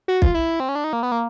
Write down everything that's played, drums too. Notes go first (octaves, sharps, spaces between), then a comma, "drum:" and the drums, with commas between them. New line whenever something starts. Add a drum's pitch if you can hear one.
F#4
F4, drum: kick
E4
C4
C#4
D4
D#4
A#3
B3
A#3